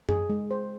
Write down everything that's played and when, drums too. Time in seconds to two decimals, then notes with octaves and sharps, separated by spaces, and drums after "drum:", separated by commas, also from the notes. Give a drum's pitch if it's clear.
0.09 G#4, drum: tom F#2
0.30 G#3
0.51 C5